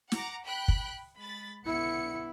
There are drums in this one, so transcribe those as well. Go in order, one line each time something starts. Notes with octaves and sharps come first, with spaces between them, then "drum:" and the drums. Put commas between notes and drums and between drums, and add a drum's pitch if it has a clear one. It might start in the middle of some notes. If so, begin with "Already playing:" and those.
F#5 A#5 D6, drum: snare
G5 B5 F#6
drum: kick
G#3 B5 A6
B1 D3 B3 E4 C#7